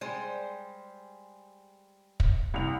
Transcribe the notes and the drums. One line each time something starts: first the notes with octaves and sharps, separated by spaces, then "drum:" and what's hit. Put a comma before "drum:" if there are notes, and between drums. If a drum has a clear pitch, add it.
G3 G#3 C5
drum: kick
C2 F7